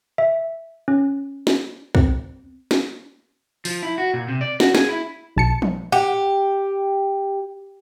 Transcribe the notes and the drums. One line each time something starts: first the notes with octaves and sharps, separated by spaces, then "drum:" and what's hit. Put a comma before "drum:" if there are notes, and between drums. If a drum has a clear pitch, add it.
E5
C#4
drum: snare
C4, drum: kick
drum: snare
F3, drum: open hi-hat
E4
F#4
A#2
C3
D5
F#4, drum: snare
G#4, drum: snare
E4
B1 A5 C#7
drum: tom E3
G4 F#5